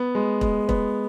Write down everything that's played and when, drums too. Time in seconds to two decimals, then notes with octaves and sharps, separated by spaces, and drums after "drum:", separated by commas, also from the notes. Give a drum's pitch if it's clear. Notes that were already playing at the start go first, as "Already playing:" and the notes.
Already playing: B3
0.15 G#3
0.41 G#3, drum: kick E1
0.69 B3, drum: kick E1